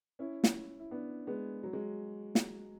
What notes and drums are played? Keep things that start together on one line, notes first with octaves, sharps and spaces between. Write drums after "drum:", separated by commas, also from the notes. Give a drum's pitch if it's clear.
C#4 E4
drum: snare
E4
B3 D4
G#3 B3
F#3
G#3
drum: snare